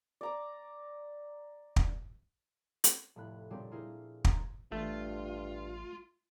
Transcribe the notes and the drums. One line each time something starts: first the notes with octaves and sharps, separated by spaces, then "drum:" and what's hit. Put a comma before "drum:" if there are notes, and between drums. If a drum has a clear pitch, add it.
D5 A#5 D6
drum: kick
drum: hi-hat
F1 A2 B5 F#6
A#2 C#3 G3 C4 D4 G4
E4 F4 G#4 A#4 C5
A#5 C6 D#6 G#6 A6, drum: kick
A1 G2 A3 F4